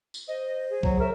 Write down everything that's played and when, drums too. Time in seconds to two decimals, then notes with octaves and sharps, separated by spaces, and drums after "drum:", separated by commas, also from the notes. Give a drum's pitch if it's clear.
0.14 drum: tambourine
0.28 C5 D#5
0.70 G#4
0.83 F#3, drum: kick
1.00 A#4 E5